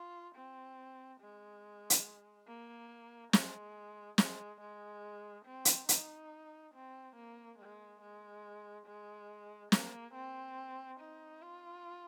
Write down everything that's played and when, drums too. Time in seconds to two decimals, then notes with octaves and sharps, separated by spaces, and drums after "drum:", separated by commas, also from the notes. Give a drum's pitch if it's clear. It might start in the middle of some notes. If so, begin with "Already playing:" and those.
Already playing: F4
0.35 C4
1.20 G#3
1.90 drum: hi-hat
2.47 A#3
3.33 G#3, drum: snare
4.18 G#3, drum: snare
4.60 G#3
5.46 C4
5.65 drum: hi-hat
5.89 D#4, drum: hi-hat
6.74 C4
7.16 A#3
7.58 G#3
8.01 G#3
8.86 G#3
9.72 A#3, drum: snare
10.14 C4
11.00 D#4
11.42 F4